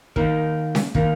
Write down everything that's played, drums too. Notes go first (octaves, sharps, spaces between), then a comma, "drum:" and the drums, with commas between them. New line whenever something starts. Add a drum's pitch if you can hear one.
D#3 A#3 D#4 A#4, drum: kick
drum: snare C#4
D#3 A#3 D#4 A#4, drum: kick